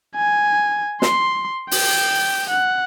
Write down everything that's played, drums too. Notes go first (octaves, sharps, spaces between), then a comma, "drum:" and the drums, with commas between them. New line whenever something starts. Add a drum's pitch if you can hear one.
G#5
C6, drum: snare
G5, drum: open hi-hat
F#5